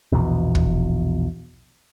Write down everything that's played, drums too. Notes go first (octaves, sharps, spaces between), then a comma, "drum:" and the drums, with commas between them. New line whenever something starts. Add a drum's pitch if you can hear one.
A#1 E2 B2
drum: kick